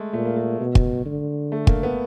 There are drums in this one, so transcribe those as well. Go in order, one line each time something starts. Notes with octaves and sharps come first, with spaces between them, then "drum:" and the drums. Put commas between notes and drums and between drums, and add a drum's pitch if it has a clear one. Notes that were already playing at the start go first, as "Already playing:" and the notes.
Already playing: G#3 A3
A#2 A3
A#3
A3
B2
drum: kick
D3
A3
A#3, drum: kick
B3